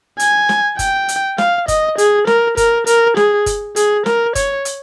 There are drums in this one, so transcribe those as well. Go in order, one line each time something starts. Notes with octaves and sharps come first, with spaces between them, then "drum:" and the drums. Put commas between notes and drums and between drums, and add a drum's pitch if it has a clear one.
G#5, drum: hi-hat
drum: snare
G5, drum: kick F#1, hi-hat
drum: hi-hat
F5, drum: snare
D#5, drum: kick F#1, hi-hat
G#4, drum: hi-hat
A#4, drum: snare
A#4, drum: kick F#1, hi-hat
A#4, drum: hi-hat
G#4, drum: snare
drum: kick F#1, hi-hat
G#4, drum: hi-hat
A#4, drum: snare
C#5, drum: kick F#1, hi-hat
drum: hi-hat